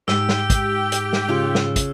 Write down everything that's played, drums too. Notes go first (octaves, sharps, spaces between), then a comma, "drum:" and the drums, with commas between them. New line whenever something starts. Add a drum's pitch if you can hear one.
G#2 G4 E6, drum: snare
drum: snare
drum: kick, hi-hat
drum: hi-hat
drum: snare
C#3 F4 C#5
drum: snare
drum: kick, hi-hat